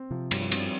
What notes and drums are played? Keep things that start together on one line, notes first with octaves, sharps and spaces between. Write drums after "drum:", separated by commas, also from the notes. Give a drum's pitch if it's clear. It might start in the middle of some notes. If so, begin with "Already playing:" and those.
Already playing: C4
C3 F3
G2 G3, drum: cymbal
F3
G3 C4, drum: cymbal